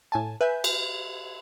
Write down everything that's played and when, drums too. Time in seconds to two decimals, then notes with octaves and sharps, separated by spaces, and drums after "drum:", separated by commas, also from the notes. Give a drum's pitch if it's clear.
0.12 A2 G#5 A5
0.41 B4 E5 G#5 G6
0.64 drum: cymbal